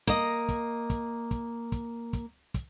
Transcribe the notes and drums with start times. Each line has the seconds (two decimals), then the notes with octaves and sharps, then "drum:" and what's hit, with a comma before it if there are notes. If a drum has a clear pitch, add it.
0.07 A#3 D#5, drum: kick, hi-hat
0.49 drum: kick, hi-hat
0.90 drum: kick, hi-hat
1.31 drum: kick, hi-hat
1.72 drum: kick, hi-hat
2.13 drum: kick, hi-hat
2.54 drum: kick, hi-hat